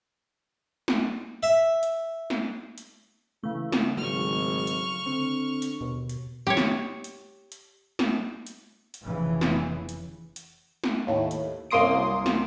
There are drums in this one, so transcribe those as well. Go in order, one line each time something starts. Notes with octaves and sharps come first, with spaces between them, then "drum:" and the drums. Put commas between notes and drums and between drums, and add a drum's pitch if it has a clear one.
drum: snare
E5
drum: hi-hat
drum: snare
drum: hi-hat
C#3 E3 A3
drum: snare
G#1 F#3 C#6 F6
drum: hi-hat
D3 C4
drum: hi-hat
D#2 B2
drum: hi-hat
G4 C#5
drum: snare
drum: hi-hat
drum: hi-hat
drum: snare
drum: hi-hat
drum: hi-hat
F1 C#3 E3
drum: snare
drum: hi-hat
drum: hi-hat
drum: snare
D#2 A2
drum: hi-hat
C2 F#2 A#3 C6 D#6 D7
drum: snare